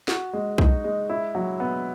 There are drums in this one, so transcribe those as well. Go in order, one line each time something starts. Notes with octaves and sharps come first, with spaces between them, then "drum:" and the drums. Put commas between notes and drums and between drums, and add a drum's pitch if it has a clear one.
F#4, drum: snare
G#3
D#4, drum: kick B1
G#3
E4
F#3
B3